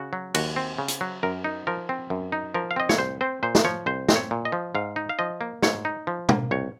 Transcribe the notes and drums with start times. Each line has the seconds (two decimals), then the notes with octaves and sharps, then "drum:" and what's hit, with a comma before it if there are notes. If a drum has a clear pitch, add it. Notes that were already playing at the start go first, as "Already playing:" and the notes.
Already playing: C#3 F#4
0.13 F#3
0.34 D#2 F#4, drum: cymbal
0.56 C4
0.79 C#3
0.88 drum: hi-hat
1.01 F#3
1.23 F#2 A#4
1.44 D#4
1.67 F3 A#4
1.89 C4
2.10 F#2
2.32 D#4
2.54 F3 A#4
2.71 F5
2.76 C4 D#5
2.89 C#5, drum: snare
2.98 C2 C5
3.21 C4 C5
3.43 A#2 C5
3.55 drum: snare
3.65 F3 C#5
3.86 C2 C5
4.09 C4, drum: snare
4.16 C#5
4.31 A#2
4.45 D#5
4.52 F3
4.75 G#2 F5
4.96 D#4
5.09 F5
5.19 F3 D#5
5.41 A#3
5.62 G#2 C#5, drum: snare
5.85 D#4
6.07 F3
6.29 A#3, drum: tom B2
6.51 C2 C#5